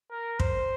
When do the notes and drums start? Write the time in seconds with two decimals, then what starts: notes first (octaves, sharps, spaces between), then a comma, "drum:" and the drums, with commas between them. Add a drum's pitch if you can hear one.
0.11 A#4
0.40 C5, drum: kick